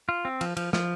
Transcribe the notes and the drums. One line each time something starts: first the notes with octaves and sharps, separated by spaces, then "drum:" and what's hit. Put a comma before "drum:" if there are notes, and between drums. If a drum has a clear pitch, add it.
F4
C4
F3, drum: cymbal
F3, drum: cymbal
F3, drum: snare